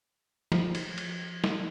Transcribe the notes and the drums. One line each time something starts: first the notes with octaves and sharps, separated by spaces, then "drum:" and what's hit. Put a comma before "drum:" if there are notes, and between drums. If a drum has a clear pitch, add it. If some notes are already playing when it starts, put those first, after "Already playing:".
F3, drum: snare
drum: cymbal
drum: cymbal
drum: snare